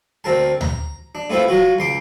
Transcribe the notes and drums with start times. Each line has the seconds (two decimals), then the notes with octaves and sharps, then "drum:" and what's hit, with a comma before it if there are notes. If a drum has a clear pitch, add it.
0.24 D2 C4 A#4 A5
0.61 A#5, drum: tom D2
1.15 D4
1.30 A3 B3 C4 E4 F4
1.48 F#3 F4 F#4
1.79 C#2 C6 D6